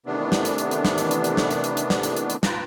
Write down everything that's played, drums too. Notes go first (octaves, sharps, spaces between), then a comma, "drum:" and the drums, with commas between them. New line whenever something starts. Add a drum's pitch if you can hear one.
C3 D#3 E3 A3 B3 D4
drum: snare
drum: hi-hat
drum: hi-hat
drum: hi-hat
drum: snare
drum: hi-hat
drum: hi-hat
drum: hi-hat
drum: snare
drum: hi-hat
drum: hi-hat
drum: hi-hat
drum: snare
drum: hi-hat
drum: hi-hat
drum: hi-hat
F4 B4 G5 A5 A#5, drum: snare